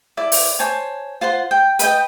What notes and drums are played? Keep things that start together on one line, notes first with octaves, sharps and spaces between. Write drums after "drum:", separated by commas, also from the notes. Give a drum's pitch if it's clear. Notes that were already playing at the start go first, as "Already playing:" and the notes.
E4 D5
drum: open hi-hat
C5 C#5 G#5 A5
F4 C5 F#5 C6
G5
B4 D#5 G5, drum: hi-hat